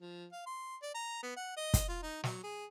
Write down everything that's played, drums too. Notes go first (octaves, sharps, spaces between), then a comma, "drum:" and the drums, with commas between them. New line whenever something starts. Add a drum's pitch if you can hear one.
F3
F5
C6
D5
A#5
B3
F#5
D#5
drum: kick, hi-hat
F4
D#4
F#3, drum: snare
G#4